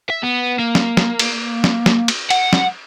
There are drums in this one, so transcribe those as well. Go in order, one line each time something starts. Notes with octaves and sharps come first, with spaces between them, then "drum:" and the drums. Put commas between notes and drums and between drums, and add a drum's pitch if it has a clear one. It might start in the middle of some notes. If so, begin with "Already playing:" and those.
E5
B3
A#3
drum: snare
drum: snare
drum: cymbal
drum: snare
drum: snare
drum: cymbal
F#5, drum: cymbal
drum: snare